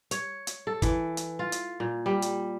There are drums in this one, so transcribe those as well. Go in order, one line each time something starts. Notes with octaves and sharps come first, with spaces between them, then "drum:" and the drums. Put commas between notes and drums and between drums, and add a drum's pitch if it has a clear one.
C#5, drum: hi-hat
drum: hi-hat
A4
E3, drum: kick, hi-hat
drum: hi-hat
F4
drum: hi-hat
A#2
G3
drum: hi-hat